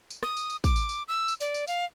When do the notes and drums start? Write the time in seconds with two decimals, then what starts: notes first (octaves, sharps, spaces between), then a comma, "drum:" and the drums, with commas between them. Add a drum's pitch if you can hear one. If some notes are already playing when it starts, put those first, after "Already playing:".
0.10 drum: tambourine
0.23 D#6, drum: rim click
0.37 drum: tambourine
0.50 drum: tambourine
0.64 D6, drum: kick, tambourine
0.76 drum: tambourine
0.89 drum: tambourine
1.08 E6
1.28 drum: tambourine
1.40 D5, drum: tambourine
1.54 drum: tambourine
1.67 F5, drum: tambourine